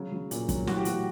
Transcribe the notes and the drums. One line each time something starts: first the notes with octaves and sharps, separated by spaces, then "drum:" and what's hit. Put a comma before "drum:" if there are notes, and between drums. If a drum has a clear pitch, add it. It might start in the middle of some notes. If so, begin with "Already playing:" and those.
Already playing: C#3 F#3
F#3
A#2, drum: hi-hat
F#3, drum: kick, hi-hat
E3 F#4, drum: snare
G4
A2 F#4, drum: hi-hat